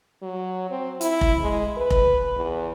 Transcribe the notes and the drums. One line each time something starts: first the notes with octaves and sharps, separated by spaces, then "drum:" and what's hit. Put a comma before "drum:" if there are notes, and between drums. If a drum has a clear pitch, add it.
F#3
C4
E4, drum: hi-hat
drum: kick F1
G#3
B4
drum: kick F1
E2